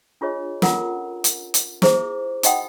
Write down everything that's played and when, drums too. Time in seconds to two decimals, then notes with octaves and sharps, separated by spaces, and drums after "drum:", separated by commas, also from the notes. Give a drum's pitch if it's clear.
0.21 D4 F4 G#4 C#5 D#5
0.62 C#4 F4 A4 A#4 F#5 A#5, drum: snare
1.24 drum: hi-hat
1.54 drum: hi-hat
1.82 E4 G#4 C5 E5 D6, drum: snare
2.43 D#4 F#4 D#5 F#5 G5 D#6, drum: hi-hat